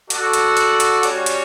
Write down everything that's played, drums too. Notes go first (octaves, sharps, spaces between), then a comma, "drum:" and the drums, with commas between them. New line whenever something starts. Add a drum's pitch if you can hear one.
F#4 A4 D5 F#5, drum: hi-hat
drum: hi-hat
drum: hi-hat
drum: hi-hat
G3 C#4 F#4 C#5, drum: hi-hat
drum: hi-hat